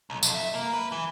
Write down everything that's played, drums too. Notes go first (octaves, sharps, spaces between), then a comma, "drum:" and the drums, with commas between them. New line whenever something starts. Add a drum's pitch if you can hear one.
B1
F2, drum: tambourine
E5
A#3
B4
E3